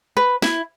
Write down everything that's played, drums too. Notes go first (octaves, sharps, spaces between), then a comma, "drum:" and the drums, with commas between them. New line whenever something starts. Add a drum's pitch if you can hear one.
B4
E4, drum: snare